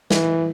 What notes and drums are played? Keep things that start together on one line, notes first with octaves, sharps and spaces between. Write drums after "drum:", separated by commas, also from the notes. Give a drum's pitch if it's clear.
E3, drum: snare